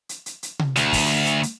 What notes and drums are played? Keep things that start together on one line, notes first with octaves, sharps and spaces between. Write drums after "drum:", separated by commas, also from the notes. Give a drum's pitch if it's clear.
drum: hi-hat
drum: hi-hat
drum: hi-hat
drum: tom C3
D2, drum: hi-hat
drum: kick, open hi-hat
drum: hi-hat
drum: hi-hat